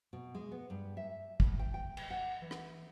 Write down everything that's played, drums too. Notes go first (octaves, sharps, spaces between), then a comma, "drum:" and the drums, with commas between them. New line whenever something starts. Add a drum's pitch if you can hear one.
B2
G#3
B3
G2
E5
A2, drum: kick
G5
G5
drum: cymbal
F#5
E3
drum: rim click